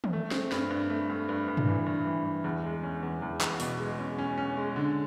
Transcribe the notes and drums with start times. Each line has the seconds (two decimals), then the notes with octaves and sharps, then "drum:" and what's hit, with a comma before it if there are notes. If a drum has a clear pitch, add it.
0.04 drum: tom
0.13 A3
0.31 C4, drum: snare
0.52 G2, drum: snare
0.70 G2
0.90 A3
1.09 G2
1.29 G2
1.48 G2
1.57 drum: tom G2
1.67 E3
1.86 G2
2.06 E3
2.25 E3
2.44 E2
2.64 G#3
2.83 C#4
3.03 E2
3.22 E2
3.41 E2, drum: clap
3.60 B2, drum: open hi-hat
3.80 G#3
3.99 C#4
4.18 C#4
4.38 C#4
4.57 G#3
4.76 D3